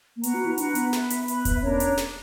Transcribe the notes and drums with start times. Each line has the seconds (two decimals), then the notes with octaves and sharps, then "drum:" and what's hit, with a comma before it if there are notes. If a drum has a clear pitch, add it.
0.16 A#3
0.23 B3 B4 F#5 A#5 C#6, drum: hi-hat
0.34 F#4
0.46 E4
0.58 D4 B4 F#5 A#5 C#6, drum: hi-hat
0.75 B3, drum: hi-hat
0.93 B4 E5 B5, drum: snare
1.10 drum: hi-hat
1.28 B4 E5 B5, drum: hi-hat
1.45 drum: kick E1, hi-hat
1.63 C#4 D4 A#4 C#5
1.80 drum: hi-hat
1.97 drum: snare